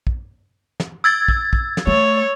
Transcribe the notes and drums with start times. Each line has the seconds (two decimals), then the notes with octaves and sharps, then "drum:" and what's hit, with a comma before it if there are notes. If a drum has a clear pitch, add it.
0.07 drum: kick
0.80 drum: snare
1.04 E6 G#6 A6
1.28 drum: kick
1.53 drum: kick
1.77 drum: snare
1.87 A3 C#5